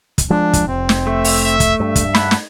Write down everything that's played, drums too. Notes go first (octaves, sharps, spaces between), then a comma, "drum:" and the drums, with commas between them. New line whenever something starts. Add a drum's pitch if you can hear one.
drum: kick, hi-hat
F3 G#3 D4
drum: kick, hi-hat
F1 C4
drum: snare
A3 E5
drum: open hi-hat
E5
drum: kick, hi-hat
G2 E5
drum: kick, hi-hat
D4 F#5 B5, drum: snare
drum: snare